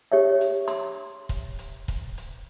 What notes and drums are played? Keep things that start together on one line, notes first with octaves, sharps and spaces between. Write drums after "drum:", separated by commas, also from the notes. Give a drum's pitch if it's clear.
G4 C#5 E5
drum: hi-hat
C6, drum: hi-hat
drum: kick, hi-hat
drum: hi-hat
drum: kick, hi-hat
drum: hi-hat